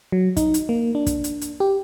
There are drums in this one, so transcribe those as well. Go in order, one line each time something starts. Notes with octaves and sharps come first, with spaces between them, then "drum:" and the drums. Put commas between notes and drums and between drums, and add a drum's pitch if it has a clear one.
F#3
D#4, drum: kick, hi-hat
drum: hi-hat
A#3
D4
drum: kick, hi-hat
drum: hi-hat
drum: hi-hat
G4